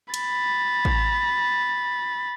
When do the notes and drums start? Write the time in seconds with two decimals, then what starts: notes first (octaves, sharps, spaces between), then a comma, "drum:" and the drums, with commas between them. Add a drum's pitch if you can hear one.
0.14 B5 A6, drum: cymbal
0.85 drum: kick A1